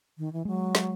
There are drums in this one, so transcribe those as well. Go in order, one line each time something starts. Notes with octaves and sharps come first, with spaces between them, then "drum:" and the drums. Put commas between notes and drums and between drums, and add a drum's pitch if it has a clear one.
D#3
E3
F#3 G#3
drum: snare